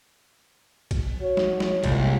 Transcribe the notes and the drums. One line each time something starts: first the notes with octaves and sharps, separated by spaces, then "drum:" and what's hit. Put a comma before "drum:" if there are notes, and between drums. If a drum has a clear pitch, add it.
drum: kick A#1, cymbal
F#4 C#5
drum: snare
drum: snare
C2 G#3 A#3 F4, drum: kick A#1, cymbal